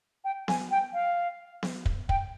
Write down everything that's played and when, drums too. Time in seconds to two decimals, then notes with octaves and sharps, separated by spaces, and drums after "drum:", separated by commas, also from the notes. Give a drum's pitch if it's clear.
0.24 G5
0.48 G#5, drum: snare B3
0.71 G5
0.93 F5
1.63 drum: snare B3
1.86 drum: kick
2.09 G5, drum: kick